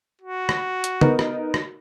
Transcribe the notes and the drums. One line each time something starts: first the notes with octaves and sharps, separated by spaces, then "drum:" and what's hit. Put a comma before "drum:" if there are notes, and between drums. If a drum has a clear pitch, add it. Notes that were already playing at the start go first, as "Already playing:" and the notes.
F#4
drum: rim click
drum: hi-hat
B3 D#4 A#4, drum: tom C#3
drum: rim click
drum: rim click